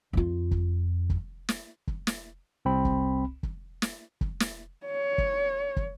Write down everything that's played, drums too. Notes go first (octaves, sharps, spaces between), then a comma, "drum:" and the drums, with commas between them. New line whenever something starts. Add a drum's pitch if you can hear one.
F2 F4
drum: kick
drum: kick
drum: snare
drum: kick
drum: snare
C2 C4 B5
drum: kick
drum: kick
drum: snare
drum: kick
drum: snare
C#5
drum: kick
drum: kick